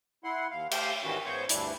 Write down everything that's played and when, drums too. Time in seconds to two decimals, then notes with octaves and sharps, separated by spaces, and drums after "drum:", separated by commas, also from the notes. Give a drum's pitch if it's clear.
0.24 E4 F#5 C6
0.51 D#2 F5
0.71 A3 G4 C5 F5 G6, drum: cymbal
1.03 G#2 D#3 E3 G3 C#4 F#4
1.25 G#2 B3 C5 C#5 C#6 G6
1.49 D2 G2 E3 D4 E4, drum: hi-hat